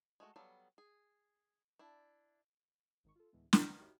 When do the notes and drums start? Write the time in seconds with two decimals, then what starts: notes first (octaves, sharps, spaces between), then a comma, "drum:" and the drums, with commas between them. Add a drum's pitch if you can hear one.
0.20 G#3 A3 F#4
0.36 F#3 G3 B3 A4 F5
0.78 G#4
1.79 D4 E4
3.04 G#1 D#3 C#6
3.16 F4 A4
3.33 D2 A2 E3 G#3 B3
3.53 B4, drum: snare
3.79 D#4 F#4 G4 C#5 E5